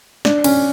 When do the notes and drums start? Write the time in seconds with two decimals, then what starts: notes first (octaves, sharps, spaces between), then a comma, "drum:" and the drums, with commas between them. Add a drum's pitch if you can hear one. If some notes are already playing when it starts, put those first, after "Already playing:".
0.25 D4, drum: snare
0.44 C#4, drum: cymbal